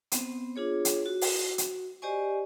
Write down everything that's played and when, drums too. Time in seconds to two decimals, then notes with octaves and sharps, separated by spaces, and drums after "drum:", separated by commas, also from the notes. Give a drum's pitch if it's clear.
0.12 B3 C4 C5, drum: hi-hat
0.56 D4 F4 G#4 C#5
0.85 drum: hi-hat
1.06 F#4
1.21 drum: open hi-hat
1.58 drum: hi-hat
2.02 G4 C5 D5 D#5 G#5 C#6